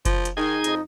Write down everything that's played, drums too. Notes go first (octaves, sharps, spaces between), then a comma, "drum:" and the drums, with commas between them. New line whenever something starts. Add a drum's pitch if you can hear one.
F3, drum: kick F#1, hi-hat
drum: hi-hat
D#3 D#4 G#4 D#5 G#6
F2, drum: hi-hat